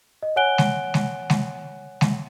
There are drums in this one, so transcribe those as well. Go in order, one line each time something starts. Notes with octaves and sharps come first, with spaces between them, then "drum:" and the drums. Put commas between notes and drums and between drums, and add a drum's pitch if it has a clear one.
D#5
C#5 F#5 G#5 F#6 D7 G7
drum: snare G#3
drum: snare G#3
drum: snare G#3
drum: snare G#3